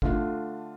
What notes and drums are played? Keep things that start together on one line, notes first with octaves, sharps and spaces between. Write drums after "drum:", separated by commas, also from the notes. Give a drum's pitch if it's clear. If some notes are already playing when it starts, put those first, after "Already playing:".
D3 A3 D4 F4, drum: kick